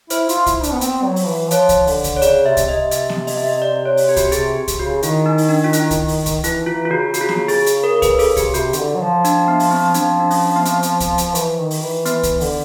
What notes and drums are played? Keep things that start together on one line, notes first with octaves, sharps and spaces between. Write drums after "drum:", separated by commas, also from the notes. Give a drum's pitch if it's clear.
E4 C5, drum: hi-hat
F4, drum: hi-hat
E4, drum: kick C2, hi-hat
D4, drum: hi-hat
B3
C4, drum: hi-hat
F#3
drum: open hi-hat
E3
F3 C#5, drum: hi-hat
drum: kick C2, hi-hat
D3, drum: open hi-hat
drum: kick C2, hi-hat
C#5
C#3 D5, drum: hi-hat
C3 E5
drum: kick C2, hi-hat
C3 D#5
E5, drum: hi-hat
drum: snare B3
D#5, drum: open hi-hat
E5
D#5
D5
C#5
drum: open hi-hat
G4
F#4, drum: kick C2, hi-hat
G4
C3 G#4, drum: hi-hat
G4
drum: kick C2, hi-hat
C#3 F#4
D#3 E4, drum: hi-hat
D#4
drum: open hi-hat
D4
F4
E4, drum: hi-hat
drum: kick C2, hi-hat
drum: open hi-hat
drum: kick C2, hi-hat
E3 E4, drum: hi-hat
E3 F4
F4
C#3 F#4
C#3 F#4, drum: hi-hat
F4
F#4, drum: snare B3
G#4, drum: open hi-hat
drum: hi-hat
A#4
A#4
B4, drum: kick C2, hi-hat
A4, drum: open hi-hat
G4, drum: kick C2, hi-hat
C3 F#4, drum: hi-hat
D#3, drum: hi-hat
D3
F#3
F3
D4, drum: hi-hat
B3
drum: open hi-hat
C4
F3 D4, drum: hi-hat
D4
C#4, drum: open hi-hat
B3
C4, drum: hi-hat
drum: hi-hat
drum: kick C2, hi-hat
drum: hi-hat
E3, drum: hi-hat
D#3
drum: open hi-hat
E3
E3 B3, drum: hi-hat
drum: kick C2, hi-hat
D3, drum: open hi-hat